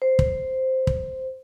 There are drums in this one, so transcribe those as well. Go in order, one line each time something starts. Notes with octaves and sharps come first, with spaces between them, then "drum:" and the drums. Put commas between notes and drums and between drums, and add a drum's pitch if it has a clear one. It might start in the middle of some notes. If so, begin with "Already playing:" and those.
C5
drum: kick
drum: kick